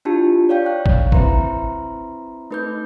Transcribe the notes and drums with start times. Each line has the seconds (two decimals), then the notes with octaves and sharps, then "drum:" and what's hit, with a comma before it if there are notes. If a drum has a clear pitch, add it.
0.05 D4 E4 F4 G4 A5
0.49 C#5 D5 F5 G5 G6
0.65 C#6 F#6
0.86 drum: kick G1
1.12 C4 E4 B4 E5 A#5 C6, drum: kick G1
2.51 A3 D#4 B4 D6 G6